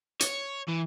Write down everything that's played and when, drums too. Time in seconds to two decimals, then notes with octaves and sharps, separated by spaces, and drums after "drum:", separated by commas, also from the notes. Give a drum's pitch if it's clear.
0.20 C#5, drum: hi-hat
0.68 E3